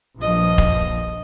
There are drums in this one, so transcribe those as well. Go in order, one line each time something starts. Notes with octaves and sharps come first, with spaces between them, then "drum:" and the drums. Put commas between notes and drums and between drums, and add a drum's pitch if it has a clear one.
A#1 G2 F3 D#5
drum: kick